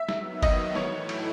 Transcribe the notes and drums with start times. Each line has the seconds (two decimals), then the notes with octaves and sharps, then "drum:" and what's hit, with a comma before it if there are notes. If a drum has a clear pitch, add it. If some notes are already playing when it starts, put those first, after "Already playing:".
Already playing: E5
0.09 D#3 F#3 B3, drum: snare
0.43 D#5, drum: kick G1, cymbal
0.75 A2 E3 A3 E4 C#5, drum: snare
1.09 drum: cymbal